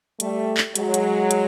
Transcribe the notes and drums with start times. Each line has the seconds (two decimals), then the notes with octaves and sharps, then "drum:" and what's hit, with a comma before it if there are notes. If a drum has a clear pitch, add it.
0.20 G3 A3, drum: hi-hat
0.57 drum: clap
0.75 F#3 G#3, drum: hi-hat
0.94 drum: hi-hat
1.31 drum: hi-hat